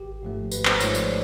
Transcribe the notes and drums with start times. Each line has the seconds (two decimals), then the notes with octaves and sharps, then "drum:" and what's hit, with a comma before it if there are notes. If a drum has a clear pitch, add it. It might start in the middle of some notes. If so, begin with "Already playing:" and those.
Already playing: G#1 G4
0.23 G#2 F3 A3
0.51 G#1 B4, drum: tambourine
0.65 C5, drum: clap
0.80 G#2 F3 A3 C#5, drum: tambourine
0.95 D5, drum: tambourine